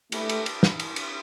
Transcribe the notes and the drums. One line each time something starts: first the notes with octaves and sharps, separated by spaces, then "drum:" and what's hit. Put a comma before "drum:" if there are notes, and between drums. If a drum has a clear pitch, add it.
G3 A3 D4 B4 D5, drum: cymbal
drum: cymbal
drum: cymbal
drum: snare
drum: cymbal
drum: cymbal